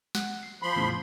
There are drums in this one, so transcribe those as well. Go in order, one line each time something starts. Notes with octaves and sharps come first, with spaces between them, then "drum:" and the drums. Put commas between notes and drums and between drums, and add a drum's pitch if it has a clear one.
F#5, drum: snare
C7
F3 B5 C6
E2 A2 C#3